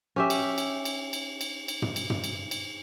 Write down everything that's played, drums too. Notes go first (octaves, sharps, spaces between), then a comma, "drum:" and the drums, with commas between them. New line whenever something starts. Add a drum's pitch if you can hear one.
C#4 G4 E5
drum: cymbal
drum: cymbal
drum: cymbal
drum: cymbal
drum: cymbal
drum: cymbal
drum: tom
drum: cymbal
drum: tom
drum: cymbal
drum: cymbal